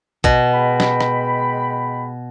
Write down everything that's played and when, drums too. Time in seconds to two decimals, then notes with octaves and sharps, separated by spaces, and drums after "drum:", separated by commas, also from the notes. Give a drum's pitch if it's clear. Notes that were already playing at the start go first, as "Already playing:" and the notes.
0.24 B2, drum: kick
0.54 G#3 G5 B5
0.80 drum: snare
1.01 drum: rim click